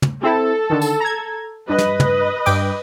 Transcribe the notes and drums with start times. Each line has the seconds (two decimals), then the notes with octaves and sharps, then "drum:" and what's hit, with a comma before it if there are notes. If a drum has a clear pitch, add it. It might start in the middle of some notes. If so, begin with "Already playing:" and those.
0.02 drum: tom
0.23 C4 E4 A4
0.70 D3 D#3
0.82 drum: tambourine
1.00 A#5 G#6
1.69 G2 B4 D#5
1.78 drum: snare
2.00 drum: tom
2.46 G2 G5 D6, drum: cymbal